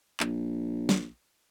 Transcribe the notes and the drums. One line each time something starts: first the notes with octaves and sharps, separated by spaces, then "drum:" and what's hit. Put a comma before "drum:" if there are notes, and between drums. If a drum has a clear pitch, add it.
A#1, drum: clap
drum: snare